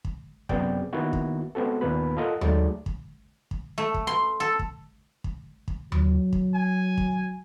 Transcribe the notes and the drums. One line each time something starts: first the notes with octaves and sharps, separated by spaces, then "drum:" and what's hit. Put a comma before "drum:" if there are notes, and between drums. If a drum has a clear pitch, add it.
drum: kick
F#2 C3 B3 G#4 D5 G5, drum: kick
D#3 A#3 B3 E4 F#4
drum: kick
G#3 B3 C4 F#4 A4
D#2 A#2 A#3 B3 B4 B5
F4 A4 A#4 D#5 F5 F#5
F#3 G#3 A3 D#4 D5, drum: tom D#2
drum: kick
drum: kick
A3
drum: kick
C6
A4
drum: kick
drum: kick
drum: kick
F#3, drum: tom D#2
drum: kick
G#5
drum: kick